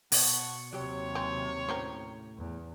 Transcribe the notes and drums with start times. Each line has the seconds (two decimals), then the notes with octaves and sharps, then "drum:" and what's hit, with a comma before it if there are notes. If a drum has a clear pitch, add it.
0.12 B2 F#5 A5 C#6, drum: open hi-hat
0.73 D#2 C3 F#3 G4 C#5
1.15 E3 C4
1.69 A2 C#4 F#4 G4 A#4 C5
2.38 E2